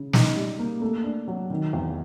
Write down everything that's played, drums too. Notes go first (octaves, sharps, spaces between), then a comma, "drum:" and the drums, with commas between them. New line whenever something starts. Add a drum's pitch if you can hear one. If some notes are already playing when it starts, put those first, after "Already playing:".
Already playing: C#3
D#4, drum: snare
G3
A#3
A3
D4
F#3
D#3
E2